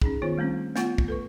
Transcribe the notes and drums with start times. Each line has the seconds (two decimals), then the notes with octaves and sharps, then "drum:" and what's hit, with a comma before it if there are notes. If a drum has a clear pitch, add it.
0.02 C#4 D#4 G#4, drum: kick
0.22 D#3 B3 F4 C5
0.38 G3 A3 C4 C#4
0.76 A3 B3 F4 F#5, drum: snare
0.98 drum: kick
1.08 A4 B4 C#6